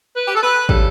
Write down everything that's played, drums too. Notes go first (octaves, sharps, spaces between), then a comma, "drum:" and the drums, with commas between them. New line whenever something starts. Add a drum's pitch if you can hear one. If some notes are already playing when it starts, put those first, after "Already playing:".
B4
G4
A4
B4
C#3 G3 A4, drum: kick